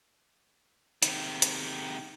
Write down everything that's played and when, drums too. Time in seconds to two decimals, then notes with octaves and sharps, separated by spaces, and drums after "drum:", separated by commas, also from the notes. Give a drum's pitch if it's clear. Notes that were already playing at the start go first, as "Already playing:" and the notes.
1.02 C3 D#3, drum: hi-hat
1.42 drum: hi-hat